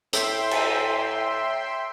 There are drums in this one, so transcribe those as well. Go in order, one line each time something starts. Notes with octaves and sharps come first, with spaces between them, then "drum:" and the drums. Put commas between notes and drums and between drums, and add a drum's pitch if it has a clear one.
A2 E5 G5 C6, drum: hi-hat
drum: cymbal